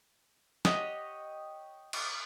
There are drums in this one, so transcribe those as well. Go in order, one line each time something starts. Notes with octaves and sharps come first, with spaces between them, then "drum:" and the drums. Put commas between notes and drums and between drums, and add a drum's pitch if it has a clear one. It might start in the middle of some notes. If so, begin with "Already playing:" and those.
G4 C#5 D#5 F#5, drum: snare
drum: cymbal